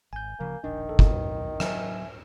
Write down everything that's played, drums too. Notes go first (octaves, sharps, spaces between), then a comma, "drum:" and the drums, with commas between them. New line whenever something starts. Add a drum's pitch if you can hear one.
G#1 G#5 G6
D1 C#3 F3 A#3
E1 A#1 D#3 D4
A4
drum: kick
B1 E2
F#3 E5 G#5, drum: rim click